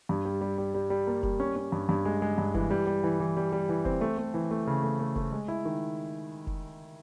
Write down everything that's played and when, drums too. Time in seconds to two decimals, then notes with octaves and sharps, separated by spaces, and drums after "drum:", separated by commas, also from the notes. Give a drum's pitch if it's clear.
0.09 G2
0.25 G3
0.41 G3
0.58 G3
0.74 G3
0.90 G3
1.07 A#3
1.23 G3, drum: kick F1
1.40 C#4
1.56 C#4
1.72 G2
1.89 G2
2.05 G#3
2.22 G#3
2.38 G2
2.54 E3, drum: kick F1
2.71 G3
2.87 G3
3.04 E3
3.20 E3
3.37 G3
3.53 G3
3.69 E3
3.85 C4, drum: kick F1
4.01 A3
4.18 A3
4.34 E3
4.51 A3
4.67 C#3
4.83 A3
4.99 A3
5.16 A3, drum: kick F1
5.32 G#3
5.48 E4
5.65 D#3
6.47 drum: kick F1